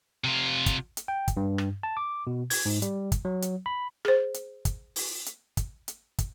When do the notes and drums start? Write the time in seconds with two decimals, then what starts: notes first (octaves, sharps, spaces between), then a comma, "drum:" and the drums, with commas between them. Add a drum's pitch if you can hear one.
0.24 C3 F4
0.66 drum: kick, hi-hat
0.97 drum: hi-hat
1.08 G5
1.28 drum: kick, hi-hat
1.37 G2
1.58 drum: rim click
1.83 A5
1.97 D6
2.27 B2
2.50 G#6, drum: open hi-hat
2.65 G#2
2.82 G3, drum: hi-hat
3.12 drum: kick, hi-hat
3.25 F#3
3.42 drum: hi-hat
3.66 B5
4.05 G#4 C5, drum: rim click
4.34 drum: hi-hat
4.65 drum: kick, hi-hat
4.96 drum: open hi-hat
5.26 drum: hi-hat
5.57 drum: kick, hi-hat
5.88 drum: hi-hat
6.18 drum: kick, hi-hat